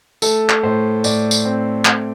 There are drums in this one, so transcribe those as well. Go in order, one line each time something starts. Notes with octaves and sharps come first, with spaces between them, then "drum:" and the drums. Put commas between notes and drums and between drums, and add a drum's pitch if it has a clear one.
A3 A4, drum: tambourine
drum: clap
A2 C5
A2 D5, drum: tambourine
drum: tambourine
C4
A3, drum: clap